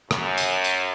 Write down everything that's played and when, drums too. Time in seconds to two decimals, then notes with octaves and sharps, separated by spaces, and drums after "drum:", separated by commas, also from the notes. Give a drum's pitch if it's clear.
0.11 F#2, drum: rim click
0.38 drum: tambourine
0.64 drum: tambourine